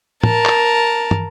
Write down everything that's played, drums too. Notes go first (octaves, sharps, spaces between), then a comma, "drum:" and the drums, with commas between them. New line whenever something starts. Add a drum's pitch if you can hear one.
A#4 A5, drum: tom
drum: clap
drum: tom